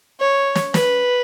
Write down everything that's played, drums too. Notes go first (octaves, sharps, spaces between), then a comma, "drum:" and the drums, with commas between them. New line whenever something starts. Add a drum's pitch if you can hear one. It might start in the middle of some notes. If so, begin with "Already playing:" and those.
C#5
drum: snare
B4, drum: snare